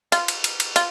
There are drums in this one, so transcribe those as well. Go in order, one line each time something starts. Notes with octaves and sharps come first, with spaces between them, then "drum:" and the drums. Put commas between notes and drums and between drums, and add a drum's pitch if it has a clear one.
F4, drum: cymbal
drum: cymbal
drum: cymbal
drum: cymbal
F4, drum: cymbal